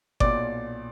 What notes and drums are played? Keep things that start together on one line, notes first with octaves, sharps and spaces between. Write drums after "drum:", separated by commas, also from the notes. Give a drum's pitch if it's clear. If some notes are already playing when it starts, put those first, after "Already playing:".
B1 A#2 D5 D6, drum: kick G1